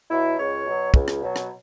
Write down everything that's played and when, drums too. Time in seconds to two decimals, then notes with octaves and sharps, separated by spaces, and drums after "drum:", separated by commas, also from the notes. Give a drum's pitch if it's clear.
0.10 B2 F#3 E4
0.38 C#2 C#5
0.66 B2 F#3
0.94 C#2, drum: kick
1.08 drum: rim click
1.22 B2 F#3
1.36 drum: rim click